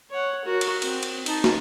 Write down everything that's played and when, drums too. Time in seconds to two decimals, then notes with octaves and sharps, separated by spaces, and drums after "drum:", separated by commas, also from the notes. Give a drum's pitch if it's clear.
0.10 C#5 F#5
0.45 F#4 A#4
0.61 drum: cymbal
0.82 C4, drum: cymbal
1.03 drum: cymbal
1.26 D#4 A5, drum: cymbal
1.44 drum: snare